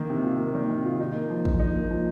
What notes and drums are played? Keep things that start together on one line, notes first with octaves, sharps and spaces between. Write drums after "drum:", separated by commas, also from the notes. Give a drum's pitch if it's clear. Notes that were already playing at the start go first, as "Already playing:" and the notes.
Already playing: D#3 A#3
C3
F4
A#3
D#3
C3
F4
D#4
A#3
F3
F3, drum: kick
D#4
A#3
F3